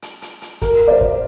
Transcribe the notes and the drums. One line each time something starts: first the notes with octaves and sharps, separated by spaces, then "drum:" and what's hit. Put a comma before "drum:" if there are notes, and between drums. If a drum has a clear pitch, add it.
drum: hi-hat
drum: hi-hat
drum: hi-hat
A#4, drum: kick, hi-hat
D5
C5
drum: kick